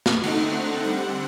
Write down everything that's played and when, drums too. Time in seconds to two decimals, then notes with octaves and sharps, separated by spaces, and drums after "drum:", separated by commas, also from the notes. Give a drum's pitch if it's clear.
0.06 drum: snare
0.23 D3 A3 C4 D#4 F#5, drum: cymbal
0.83 D3 G3 C4 F#5